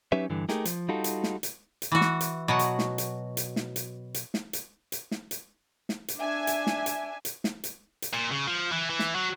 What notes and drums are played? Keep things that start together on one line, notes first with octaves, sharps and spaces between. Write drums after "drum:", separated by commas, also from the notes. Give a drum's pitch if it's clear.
F#3 C#4 D#4 G4 B4 E5
G2 D3 E3
A3 D#4 G4 G#4 A#4, drum: snare
F3, drum: hi-hat
G3 D#4 F4 F#4 A4
drum: hi-hat
drum: snare
drum: hi-hat
drum: hi-hat
E3 F#4
drum: snare
drum: hi-hat
B2 F#3 F#5
drum: hi-hat
drum: snare
drum: hi-hat
drum: hi-hat
drum: snare
drum: hi-hat
drum: hi-hat
drum: snare
drum: hi-hat
drum: hi-hat
drum: snare
drum: hi-hat
drum: snare
drum: hi-hat
D4 E5 G#5
drum: hi-hat
drum: snare
drum: hi-hat
drum: hi-hat
drum: snare
drum: hi-hat
drum: hi-hat
A#2
C#3
F3
E3
E3
drum: snare
F#3